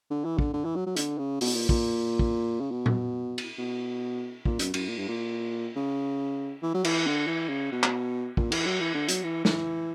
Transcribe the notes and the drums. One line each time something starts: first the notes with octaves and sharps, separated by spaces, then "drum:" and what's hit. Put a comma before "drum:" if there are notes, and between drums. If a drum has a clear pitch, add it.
D3
E3
D3, drum: kick
D3
E3
F#3
F#3
D3, drum: hi-hat
C#3
B2, drum: open hi-hat
A#2
A#2, drum: kick
drum: kick
C#3
B2
drum: tom A#2
drum: cymbal
B2
A#2, drum: kick
F#2, drum: hi-hat
F#2, drum: cymbal
A#2
G2
A#2
C#3
E3
F#3
E3, drum: cymbal
D3
E3
C#3
B2
drum: clap
A#2, drum: kick
E3, drum: cymbal
F#3
E3
D3
F#3, drum: hi-hat
E3
E3, drum: snare